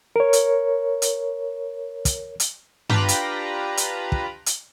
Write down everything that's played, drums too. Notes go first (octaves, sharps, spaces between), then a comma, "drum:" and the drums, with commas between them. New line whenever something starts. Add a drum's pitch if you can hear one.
A#4 C#5
drum: hi-hat
drum: hi-hat
drum: kick, hi-hat
drum: hi-hat
D4 F4 G4 B4 A#5 B5, drum: tom G2
drum: hi-hat
drum: hi-hat
drum: kick
drum: hi-hat